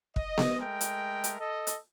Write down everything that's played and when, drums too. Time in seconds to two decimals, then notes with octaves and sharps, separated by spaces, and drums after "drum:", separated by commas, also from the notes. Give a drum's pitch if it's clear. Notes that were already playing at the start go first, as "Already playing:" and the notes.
0.16 D#5, drum: kick
0.38 drum: snare B3
0.59 G#3 A3 A#4 G5
0.81 drum: hi-hat
1.24 drum: hi-hat
1.40 A4 D#5
1.67 drum: hi-hat